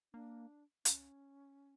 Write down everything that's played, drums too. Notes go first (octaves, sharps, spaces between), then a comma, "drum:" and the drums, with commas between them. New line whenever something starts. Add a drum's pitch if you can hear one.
A#3 D4
C#4, drum: hi-hat